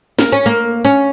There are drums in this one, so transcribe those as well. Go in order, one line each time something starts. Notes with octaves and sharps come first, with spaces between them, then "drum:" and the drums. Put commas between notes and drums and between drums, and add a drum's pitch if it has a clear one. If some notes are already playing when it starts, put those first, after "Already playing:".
A#3, drum: snare
C#4
A#3
C#4, drum: hi-hat